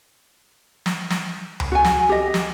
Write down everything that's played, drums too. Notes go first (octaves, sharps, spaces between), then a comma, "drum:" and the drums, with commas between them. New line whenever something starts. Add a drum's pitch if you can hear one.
drum: snare
drum: snare
drum: tom C#2
F#4 G#5
drum: snare
G4 D#5
drum: snare